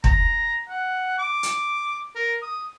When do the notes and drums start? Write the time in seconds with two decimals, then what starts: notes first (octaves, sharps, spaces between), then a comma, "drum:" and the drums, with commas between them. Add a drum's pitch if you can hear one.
0.04 A#5, drum: kick
0.69 F#5
1.18 D6
1.43 drum: hi-hat
2.15 A#4
2.42 D#6